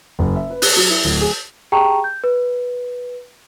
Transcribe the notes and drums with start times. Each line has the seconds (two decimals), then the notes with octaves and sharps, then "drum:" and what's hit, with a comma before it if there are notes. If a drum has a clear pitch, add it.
0.19 F#1
0.36 E5
0.50 B4
0.62 F#6, drum: open hi-hat
0.76 F#3
0.90 E4
1.04 D1
1.21 G#4
1.72 G4 G#4 G5 A5 A#5 C#6
2.04 G6
2.24 B4